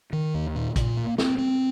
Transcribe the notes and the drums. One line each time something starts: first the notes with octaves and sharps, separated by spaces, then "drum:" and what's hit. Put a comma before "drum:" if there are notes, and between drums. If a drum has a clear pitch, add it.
D#3
D#2
A#2
A#2, drum: kick, hi-hat
A#3
C4, drum: snare
C4